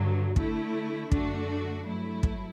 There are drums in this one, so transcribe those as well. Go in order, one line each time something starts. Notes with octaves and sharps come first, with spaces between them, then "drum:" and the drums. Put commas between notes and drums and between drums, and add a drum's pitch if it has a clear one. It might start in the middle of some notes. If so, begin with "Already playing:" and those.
Already playing: G2 D3 F#3
D3 A3 E4, drum: kick
F#2 D3 A3 D4 F#4, drum: kick
G2 F#3 A3 E4
drum: kick